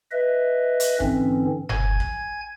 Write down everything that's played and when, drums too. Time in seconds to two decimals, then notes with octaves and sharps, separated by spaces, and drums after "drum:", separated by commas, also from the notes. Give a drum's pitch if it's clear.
0.11 B4 D#5 E5
0.80 drum: hi-hat
1.00 G#2 D3 E3 C4 C#4, drum: kick
1.69 G#5 G#6, drum: tom F#1
2.00 drum: kick